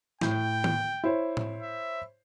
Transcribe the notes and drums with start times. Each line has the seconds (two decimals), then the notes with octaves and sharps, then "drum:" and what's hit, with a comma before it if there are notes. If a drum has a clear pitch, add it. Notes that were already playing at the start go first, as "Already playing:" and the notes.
0.21 A2 G5 G6, drum: snare
0.64 drum: tom D#3
1.04 E4 C5 C#5
1.37 drum: tom A2
1.62 E5